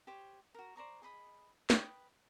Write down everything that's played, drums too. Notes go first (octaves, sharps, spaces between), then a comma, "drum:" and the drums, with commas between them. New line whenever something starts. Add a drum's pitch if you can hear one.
G4 C5 C#5
F#4 A#4
C5 D5 A#5 C#6
G#4 D#5 B5 D#6
B4 G5 D#6, drum: snare